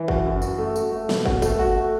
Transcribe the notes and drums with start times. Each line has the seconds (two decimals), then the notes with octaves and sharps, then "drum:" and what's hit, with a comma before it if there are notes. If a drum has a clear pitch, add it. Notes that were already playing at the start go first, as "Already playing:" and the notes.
Already playing: E3
0.08 F#4, drum: kick
0.25 F#2
0.42 F#4, drum: tambourine
0.58 A3
0.76 F#4, drum: tambourine
0.92 A3
1.09 B2, drum: snare
1.26 F#4, drum: kick
1.42 A3, drum: kick, tambourine
1.59 F#4
1.76 A3